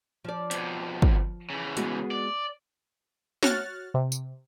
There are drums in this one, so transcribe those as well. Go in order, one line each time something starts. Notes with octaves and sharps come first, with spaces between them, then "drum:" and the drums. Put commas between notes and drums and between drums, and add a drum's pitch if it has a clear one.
F3 D5
F2 B2, drum: hi-hat
drum: kick
C#3 E3
G#3 B3 F#4, drum: hi-hat
D5
F#4 C#5 F6 F#6 A6, drum: snare
C3
drum: tambourine